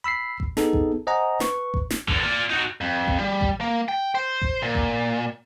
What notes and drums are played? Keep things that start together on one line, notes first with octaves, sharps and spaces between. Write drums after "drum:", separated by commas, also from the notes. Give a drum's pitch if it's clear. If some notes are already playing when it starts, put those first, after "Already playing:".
B5 E6 B6 C7
drum: kick A1
B3 D#4 G#4 A4, drum: snare
drum: kick A1
C5 D#5 F#5 G#5 A#5
B4 C#6, drum: snare
drum: kick A1
drum: snare
E2 D3, drum: kick A1
F4 D5
D#4 F#4
F2
drum: kick A1
G3
drum: kick A1
A#3
G5
C5
drum: kick A1
A#2
drum: kick A1